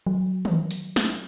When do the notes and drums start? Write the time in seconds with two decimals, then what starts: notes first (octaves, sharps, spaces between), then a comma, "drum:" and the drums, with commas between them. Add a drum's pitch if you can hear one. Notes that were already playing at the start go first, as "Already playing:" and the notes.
0.07 F#3
0.45 drum: tom D#3
0.71 drum: hi-hat
0.96 drum: snare